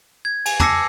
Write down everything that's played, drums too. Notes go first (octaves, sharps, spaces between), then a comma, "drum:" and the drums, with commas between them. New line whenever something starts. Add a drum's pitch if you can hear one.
G#6
G#5, drum: cymbal
A5 D6 E6 A#6 C7 C#7, drum: tom